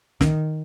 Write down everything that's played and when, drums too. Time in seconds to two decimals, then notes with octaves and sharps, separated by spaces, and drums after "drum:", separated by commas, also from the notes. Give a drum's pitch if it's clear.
0.21 D#3, drum: snare